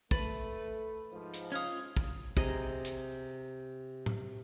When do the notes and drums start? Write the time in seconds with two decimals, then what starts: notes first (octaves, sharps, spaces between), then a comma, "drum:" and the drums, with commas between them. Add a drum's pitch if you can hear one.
0.11 A3 B4 A6 F#7, drum: kick
1.11 G#2 F3
1.34 drum: hi-hat
1.52 C#4 F4 D#6 F6 G#6
1.97 drum: kick
2.37 C3 G#4 D#5 A#5, drum: kick
2.85 drum: hi-hat
4.06 drum: tom A2